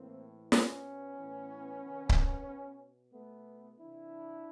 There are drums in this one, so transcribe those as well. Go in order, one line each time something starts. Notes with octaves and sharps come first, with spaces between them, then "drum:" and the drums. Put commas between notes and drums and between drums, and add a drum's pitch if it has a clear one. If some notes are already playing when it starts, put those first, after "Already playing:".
Already playing: A2 E3 A#3 C4
B2 B3 C#4, drum: snare
A2 E3
C3 D#3
drum: kick C#1
B2
B2 A3 B3
C3 E3 D4 E4